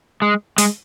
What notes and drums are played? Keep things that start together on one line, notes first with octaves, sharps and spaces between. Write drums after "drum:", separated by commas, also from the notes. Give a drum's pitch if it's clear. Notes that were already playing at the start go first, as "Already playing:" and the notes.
G#3
G#3, drum: open hi-hat